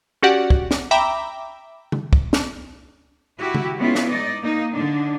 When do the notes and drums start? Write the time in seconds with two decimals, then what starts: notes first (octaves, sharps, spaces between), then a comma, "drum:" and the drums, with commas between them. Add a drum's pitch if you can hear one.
0.23 C#4 F#4 G4 D5 F#5
0.50 drum: kick
0.71 drum: snare
0.91 E5 G5 A#5 B5 D6
1.92 drum: tom C#3
2.13 drum: kick
2.33 drum: snare
3.39 E4 F#4 G4
3.55 drum: tom C#3
3.78 G#3 B3 C#4 E4 F4
3.95 drum: snare
4.09 D#4 D5 D#5
4.42 A#3 D#4
4.74 D3 D4 D#4